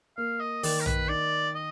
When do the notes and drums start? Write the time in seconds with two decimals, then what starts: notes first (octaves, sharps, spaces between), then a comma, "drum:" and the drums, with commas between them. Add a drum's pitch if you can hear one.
0.17 A#3 F5
0.40 D#5
0.63 D#3 D5, drum: open hi-hat
0.81 A#4
0.86 B4, drum: tom
1.09 D#4 D5
1.55 D#5